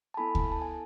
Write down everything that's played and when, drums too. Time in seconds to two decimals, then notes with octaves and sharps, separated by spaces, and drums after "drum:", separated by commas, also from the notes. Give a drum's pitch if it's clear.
0.14 A5
0.17 B3 E4 A4 G#5 B5
0.35 drum: kick D2
0.52 A5
0.62 G#5